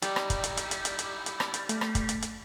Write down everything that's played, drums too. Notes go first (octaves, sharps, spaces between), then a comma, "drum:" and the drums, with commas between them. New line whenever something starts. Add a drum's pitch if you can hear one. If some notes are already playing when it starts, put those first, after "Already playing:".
G3 D#4 E4, drum: hi-hat
drum: rim click
drum: kick, hi-hat
drum: hi-hat
drum: hi-hat
drum: hi-hat
drum: hi-hat
drum: hi-hat
drum: hi-hat
drum: rim click
drum: hi-hat
A3, drum: hi-hat
drum: rim click
drum: kick, hi-hat
drum: hi-hat
drum: hi-hat